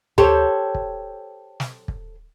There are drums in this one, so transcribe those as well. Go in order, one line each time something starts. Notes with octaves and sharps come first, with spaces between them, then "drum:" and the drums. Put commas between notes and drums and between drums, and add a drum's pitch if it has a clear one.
G4 A4 C5 C#5, drum: tom D2
drum: kick
drum: snare
drum: kick